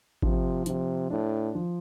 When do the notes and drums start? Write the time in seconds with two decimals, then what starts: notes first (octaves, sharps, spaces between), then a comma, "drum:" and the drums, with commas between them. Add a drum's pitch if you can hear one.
0.22 C3 F3, drum: kick G#1
0.66 C3 F3, drum: hi-hat
1.10 A2 D4
1.55 F3